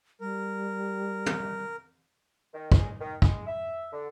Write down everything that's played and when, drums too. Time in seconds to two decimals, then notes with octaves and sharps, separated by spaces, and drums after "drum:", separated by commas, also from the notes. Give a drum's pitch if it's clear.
0.21 G3 A#4
1.26 drum: tom
2.54 D#3
2.72 G#3, drum: kick
3.00 D#3
3.22 G#3, drum: kick
3.47 E5
3.92 D3